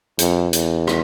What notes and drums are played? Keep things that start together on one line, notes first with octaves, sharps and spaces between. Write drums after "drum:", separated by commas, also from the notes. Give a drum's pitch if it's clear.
F2, drum: hi-hat
E2, drum: hi-hat
drum: rim click